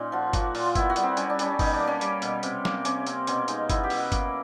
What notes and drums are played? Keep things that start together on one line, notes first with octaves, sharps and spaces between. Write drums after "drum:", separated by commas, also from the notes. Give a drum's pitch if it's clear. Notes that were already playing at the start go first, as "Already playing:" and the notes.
Already playing: A#2 C#4 D#4
F3 F#4
A#3 F#4, drum: kick G1, hi-hat
A#2 F4, drum: open hi-hat
F4
B3 E4, drum: kick G1, hi-hat
F#4
G3, drum: hi-hat
C4
G3 C#4, drum: hi-hat
D4
G3 C#4, drum: hi-hat
B2 D#4, drum: kick G1, open hi-hat
D4
A#3
C#4
G3, drum: hi-hat
B2, drum: hi-hat
C3, drum: hi-hat
A#3, drum: snare
C3 C#4, drum: hi-hat
A#3 C4, drum: hi-hat
B2 C#4, drum: hi-hat
G#3 D#4, drum: hi-hat
B3 E4, drum: kick G1, hi-hat
G4
B2, drum: open hi-hat
F#4
A#3, drum: kick G1, hi-hat